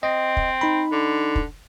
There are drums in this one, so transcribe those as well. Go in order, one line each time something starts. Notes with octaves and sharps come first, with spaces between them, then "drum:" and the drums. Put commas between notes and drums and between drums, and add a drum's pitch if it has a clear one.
C4 D#5
drum: kick
D#4 B5
D3
drum: kick